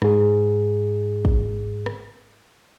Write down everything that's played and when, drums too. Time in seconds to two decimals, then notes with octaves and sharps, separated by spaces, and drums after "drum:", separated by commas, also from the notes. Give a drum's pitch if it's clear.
0.02 G#2 G#4, drum: rim click
1.25 drum: kick
1.86 drum: rim click